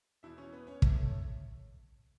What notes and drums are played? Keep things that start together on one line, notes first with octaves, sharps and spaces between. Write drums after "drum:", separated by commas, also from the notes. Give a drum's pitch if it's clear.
E2 B2 E4 E5
C#4 C#5
B3 B4
C#4 C#5
A3 A4, drum: kick
C#5